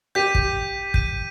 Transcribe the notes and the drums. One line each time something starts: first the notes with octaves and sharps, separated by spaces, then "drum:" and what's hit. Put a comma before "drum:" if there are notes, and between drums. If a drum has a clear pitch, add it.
G4 G6 B6 D#7
drum: kick
G6 B6 D#7, drum: kick